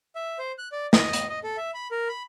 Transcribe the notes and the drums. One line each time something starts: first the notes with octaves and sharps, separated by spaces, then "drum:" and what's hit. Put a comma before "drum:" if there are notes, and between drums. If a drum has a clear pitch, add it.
E5
C5
F#6
D5
D#5, drum: snare
drum: hi-hat
D#5
A4
E5
B5
A#4
B5